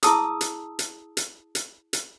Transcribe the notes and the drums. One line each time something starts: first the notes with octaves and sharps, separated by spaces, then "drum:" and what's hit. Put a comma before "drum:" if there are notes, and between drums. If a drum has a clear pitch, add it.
E4 G#4 A5 D#6 E6, drum: hi-hat
drum: hi-hat
drum: hi-hat
drum: hi-hat
drum: hi-hat
drum: hi-hat